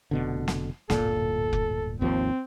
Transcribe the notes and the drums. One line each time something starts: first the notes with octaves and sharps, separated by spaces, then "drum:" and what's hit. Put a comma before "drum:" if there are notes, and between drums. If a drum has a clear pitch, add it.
F1 B2 D3
drum: snare
D1 G1 A#2 A4, drum: snare
drum: kick F1
G#1 D#2 F3 C4